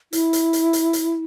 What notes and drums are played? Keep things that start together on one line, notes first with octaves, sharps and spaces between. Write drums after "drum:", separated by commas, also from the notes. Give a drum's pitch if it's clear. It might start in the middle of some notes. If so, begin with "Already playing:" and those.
E4, drum: hi-hat
drum: hi-hat
drum: hi-hat
drum: hi-hat
drum: hi-hat